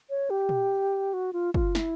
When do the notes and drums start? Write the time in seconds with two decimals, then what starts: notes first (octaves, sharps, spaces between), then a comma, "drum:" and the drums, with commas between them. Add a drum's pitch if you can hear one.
0.10 C#5
0.30 G4
0.49 drum: tom A#2
1.14 F#4
1.33 F4
1.54 F4, drum: kick
1.75 E4, drum: snare